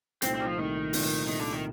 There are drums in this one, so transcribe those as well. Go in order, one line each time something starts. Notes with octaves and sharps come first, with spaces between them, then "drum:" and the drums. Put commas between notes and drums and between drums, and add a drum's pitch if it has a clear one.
C2 A#2 A3 C4 D#4, drum: hi-hat
C4
G3
F3
C2 A#2 D#3 A3 D#4
C2 A#2 A3 D#4, drum: open hi-hat
C2 A#2 D#3 A3 D#4
D3
D#3